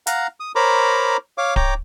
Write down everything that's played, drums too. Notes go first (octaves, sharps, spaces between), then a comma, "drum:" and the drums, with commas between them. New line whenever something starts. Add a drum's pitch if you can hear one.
F5 F#5 A#5, drum: hi-hat
D#6
A#4 C5 C#5 A#5 B5 D6
C#5 F5 D6
C#5 G5 A#5 D6, drum: kick D1